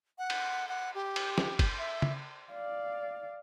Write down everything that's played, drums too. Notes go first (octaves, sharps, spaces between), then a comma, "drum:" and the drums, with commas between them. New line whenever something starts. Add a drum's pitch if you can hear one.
F#5
drum: cymbal
F#5
G4
drum: cymbal
drum: snare
drum: kick, cymbal
E5
drum: tom
D5 F5